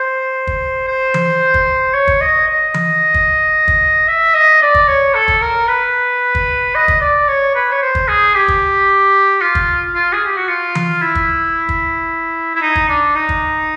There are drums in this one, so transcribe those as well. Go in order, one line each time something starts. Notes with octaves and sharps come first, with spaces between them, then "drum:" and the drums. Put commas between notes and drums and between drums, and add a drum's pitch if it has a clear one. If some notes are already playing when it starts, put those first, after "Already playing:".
Already playing: C5
drum: kick
C5
drum: tom E3
drum: kick
C#5
drum: kick
D#5
D#5
drum: tom E3
drum: kick
drum: kick
E5
D#5
D5
drum: kick
C#5
A4
drum: kick
A#4
B4
drum: kick
D#5
drum: kick
D5
C#5
B4
C#5
C5
drum: kick
G#4
G4
drum: kick
F4
drum: kick
F4
G#4
G4
F#4
F4
drum: tom E3
E4
drum: kick
drum: kick
E4
D#4
drum: kick
D4
D#4
drum: kick